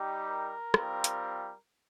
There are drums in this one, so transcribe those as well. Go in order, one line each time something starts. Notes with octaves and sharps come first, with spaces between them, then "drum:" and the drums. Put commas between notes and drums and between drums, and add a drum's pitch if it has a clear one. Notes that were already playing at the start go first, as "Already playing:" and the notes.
Already playing: G3 D#4 G4
A#4
G3 C4 F4, drum: rim click
drum: hi-hat